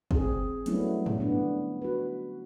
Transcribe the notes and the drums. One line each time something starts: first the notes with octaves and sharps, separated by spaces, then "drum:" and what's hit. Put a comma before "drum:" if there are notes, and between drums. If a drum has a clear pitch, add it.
C4 G#4, drum: kick
F#3 G3 A3 B3 C#4 E4, drum: hi-hat
drum: tom G2
D3 B3 D4
F#4 B4